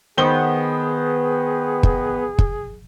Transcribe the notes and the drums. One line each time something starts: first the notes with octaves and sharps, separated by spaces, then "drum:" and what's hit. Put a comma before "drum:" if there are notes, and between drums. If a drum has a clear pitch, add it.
D#3 B3 G#4 C5 G7
drum: kick
drum: kick